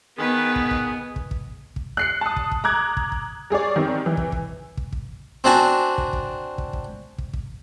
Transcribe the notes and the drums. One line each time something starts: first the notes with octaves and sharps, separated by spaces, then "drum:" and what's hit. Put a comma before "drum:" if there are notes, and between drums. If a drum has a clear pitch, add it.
D#3 B3 G#4 B4
drum: kick
drum: kick
drum: kick
drum: kick
drum: kick
F#6 C7 C#7
A5 D#6
drum: kick
drum: kick
A#5 D6 F#6 G#6
drum: kick
drum: kick
G3 G#4 C#5 D5
D#3 G3 C4
E3
drum: kick
drum: kick
drum: kick
drum: kick
C4 D4 F#4 G#5
drum: kick
drum: kick
drum: kick
drum: kick
drum: kick
drum: kick